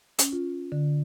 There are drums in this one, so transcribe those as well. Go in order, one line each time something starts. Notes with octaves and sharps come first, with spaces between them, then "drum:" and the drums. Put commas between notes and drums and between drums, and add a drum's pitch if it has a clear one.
C#4, drum: hi-hat
F4
D3